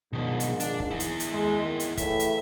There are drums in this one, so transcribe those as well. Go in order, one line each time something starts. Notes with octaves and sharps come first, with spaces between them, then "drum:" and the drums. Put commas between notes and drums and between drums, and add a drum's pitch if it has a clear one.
A#1 G#2 B2 D#3
drum: hi-hat
D4, drum: hi-hat
drum: kick
E4 G#4
drum: hi-hat
drum: hi-hat
G#3
D#3
drum: hi-hat
A2 C#3 E3 E5, drum: kick, hi-hat
drum: hi-hat